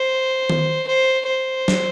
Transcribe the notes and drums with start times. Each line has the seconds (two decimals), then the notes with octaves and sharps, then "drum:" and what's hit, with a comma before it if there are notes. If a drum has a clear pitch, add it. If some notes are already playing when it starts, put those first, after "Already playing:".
Already playing: C5
0.50 drum: tom D#3
0.87 C5
1.27 C5
1.68 drum: snare